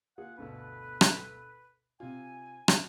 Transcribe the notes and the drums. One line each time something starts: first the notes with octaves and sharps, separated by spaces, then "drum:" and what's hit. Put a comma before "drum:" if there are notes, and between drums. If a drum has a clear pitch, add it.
A#3 F4 G#4 F#5
G1 D2 B2 A4 B4
drum: rim click
C3 C4 F4 G#5
drum: rim click